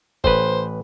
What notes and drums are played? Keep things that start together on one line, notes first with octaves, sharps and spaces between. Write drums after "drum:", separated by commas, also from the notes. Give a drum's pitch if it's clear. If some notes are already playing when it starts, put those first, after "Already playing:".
A1 B4 C5, drum: kick F#1